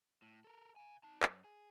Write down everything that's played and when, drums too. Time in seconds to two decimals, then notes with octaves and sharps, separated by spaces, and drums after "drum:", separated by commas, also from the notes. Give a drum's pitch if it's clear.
0.22 A2
0.44 A4 A#4
0.76 F5 G#5
1.04 D#4 A5
1.23 F#2, drum: clap
1.44 G#4